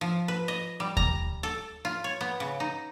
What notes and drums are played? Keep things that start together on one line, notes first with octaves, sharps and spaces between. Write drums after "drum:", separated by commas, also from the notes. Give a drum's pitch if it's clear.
F3
B4
D#5
G3
A#5, drum: kick D#2
A4
F4
C#5
B3
C#3
D#4